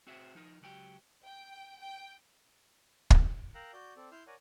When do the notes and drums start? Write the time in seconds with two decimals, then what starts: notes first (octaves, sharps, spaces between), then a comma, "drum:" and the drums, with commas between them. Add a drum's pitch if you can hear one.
0.07 C4 F#4 G#4 C5 E5
0.35 F3 D#4 A#4
0.62 C#2 F#3 G4 G5
1.24 G5
1.79 G5
3.10 drum: kick
3.55 A#4 F5 G5 A#5 E6 F#6
3.73 F#4 D5 G6
3.96 C4 A4 D5
4.12 E4 C6 E6 F6 G6
4.27 A#4 C#5 D5 F#5 G#5